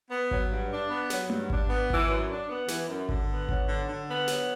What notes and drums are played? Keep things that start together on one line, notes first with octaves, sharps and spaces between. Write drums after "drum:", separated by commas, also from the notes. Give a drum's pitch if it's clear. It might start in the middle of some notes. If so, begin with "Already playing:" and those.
B3
F#3, drum: kick G#1
G2
D4
B3
F#3, drum: snare
G2, drum: tom A3
D4, drum: kick G#1
B3
E3, drum: kick G#1
F#2
D4
B3
E3, drum: snare
F#2
D3, drum: kick G#1
B3
F#3, drum: kick G#1
D3
D3
B3
F#3, drum: snare